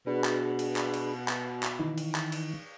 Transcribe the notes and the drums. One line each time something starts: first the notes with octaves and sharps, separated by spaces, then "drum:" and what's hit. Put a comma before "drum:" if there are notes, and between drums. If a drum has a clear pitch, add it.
B2 D4 G#4 B4
drum: clap
drum: cymbal
drum: clap
drum: cymbal
drum: clap
drum: clap
D#3 E3 D#4
drum: cymbal
drum: clap
drum: cymbal